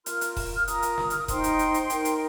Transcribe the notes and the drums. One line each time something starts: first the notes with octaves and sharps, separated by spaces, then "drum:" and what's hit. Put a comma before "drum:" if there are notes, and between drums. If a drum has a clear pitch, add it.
F4 A#4 C6 F6, drum: hi-hat
drum: hi-hat
drum: kick E1, open hi-hat
F6
F4 A#4 A#5 D#6, drum: hi-hat
drum: hi-hat
drum: snare
F6, drum: hi-hat
D#6
D#4 C5 G5 C6, drum: kick E1, hi-hat
drum: hi-hat
drum: hi-hat
drum: hi-hat
D#4 A#4, drum: hi-hat
drum: hi-hat